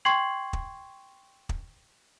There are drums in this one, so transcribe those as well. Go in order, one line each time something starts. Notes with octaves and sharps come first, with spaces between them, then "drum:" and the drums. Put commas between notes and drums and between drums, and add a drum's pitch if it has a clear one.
G5 C6 C#6 G#6 C7 F#7
drum: kick
drum: kick